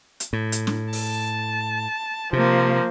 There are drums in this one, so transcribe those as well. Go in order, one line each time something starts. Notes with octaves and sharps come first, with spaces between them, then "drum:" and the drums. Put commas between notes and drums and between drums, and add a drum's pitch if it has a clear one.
drum: hi-hat
A2
drum: hi-hat
drum: snare
A5, drum: open hi-hat
C3 F3 A#3